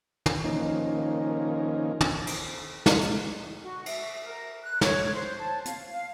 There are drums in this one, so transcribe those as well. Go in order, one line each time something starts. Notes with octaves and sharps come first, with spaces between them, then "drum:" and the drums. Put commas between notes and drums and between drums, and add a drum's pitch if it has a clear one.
drum: tom
D#3 F3 A#3 C#4 D#4
drum: tom
drum: cymbal
drum: snare
drum: hi-hat
F#4
E5, drum: cymbal
A#4
F#6
C#5, drum: snare
C5
A5
F5, drum: hi-hat
F5